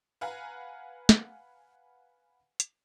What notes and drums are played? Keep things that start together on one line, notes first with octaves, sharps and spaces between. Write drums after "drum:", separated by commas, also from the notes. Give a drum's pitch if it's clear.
B4 F5 F#5 G#5 A#5
drum: snare
drum: hi-hat